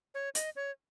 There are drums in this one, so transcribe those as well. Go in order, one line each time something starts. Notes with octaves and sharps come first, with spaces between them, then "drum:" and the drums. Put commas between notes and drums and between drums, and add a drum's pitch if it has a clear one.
C#5
D#5, drum: hi-hat
C#5